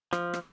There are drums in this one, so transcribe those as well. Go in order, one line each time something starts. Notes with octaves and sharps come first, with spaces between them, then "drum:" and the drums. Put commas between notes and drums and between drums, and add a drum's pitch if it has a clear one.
F3, drum: rim click
drum: rim click